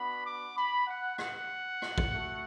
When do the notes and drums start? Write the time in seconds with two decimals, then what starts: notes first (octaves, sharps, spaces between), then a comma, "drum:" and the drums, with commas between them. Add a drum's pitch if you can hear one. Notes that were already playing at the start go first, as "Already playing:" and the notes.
Already playing: B3 D4 F#4 B5
0.24 D6
0.57 B5
0.87 F#5
1.18 F#5, drum: rim click
1.82 drum: rim click
1.98 drum: kick
2.13 A3 F#4